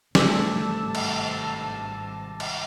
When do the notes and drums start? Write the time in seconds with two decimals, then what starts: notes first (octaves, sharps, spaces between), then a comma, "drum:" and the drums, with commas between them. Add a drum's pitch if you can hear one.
0.15 G#1 G2 C3 G3 A3 A5 D6 E6, drum: snare
0.95 drum: cymbal
2.40 drum: cymbal